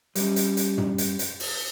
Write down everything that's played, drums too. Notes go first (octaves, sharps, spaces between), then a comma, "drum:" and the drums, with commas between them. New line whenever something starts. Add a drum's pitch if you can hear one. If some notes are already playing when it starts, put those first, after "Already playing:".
G3 C#4, drum: hi-hat
drum: hi-hat
drum: hi-hat
drum: tom
drum: hi-hat
drum: hi-hat
drum: open hi-hat